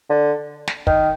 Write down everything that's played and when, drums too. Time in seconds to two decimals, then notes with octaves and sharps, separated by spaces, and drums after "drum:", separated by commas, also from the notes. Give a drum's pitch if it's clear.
0.10 D3
0.67 drum: snare
0.87 D#3, drum: kick